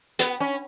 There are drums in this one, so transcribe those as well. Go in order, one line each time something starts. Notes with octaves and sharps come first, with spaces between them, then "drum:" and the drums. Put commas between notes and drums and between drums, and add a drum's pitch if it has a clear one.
B3, drum: hi-hat
C#4